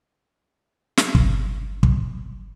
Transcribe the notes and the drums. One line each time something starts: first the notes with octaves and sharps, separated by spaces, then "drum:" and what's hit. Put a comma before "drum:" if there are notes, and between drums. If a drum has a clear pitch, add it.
drum: snare
G1, drum: kick
drum: kick